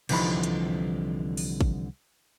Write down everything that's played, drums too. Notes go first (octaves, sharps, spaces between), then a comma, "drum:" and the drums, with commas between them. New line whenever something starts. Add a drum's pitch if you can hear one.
C2 D3 E3 F3 D#4 B5, drum: cymbal
drum: hi-hat
drum: open hi-hat
drum: kick G#1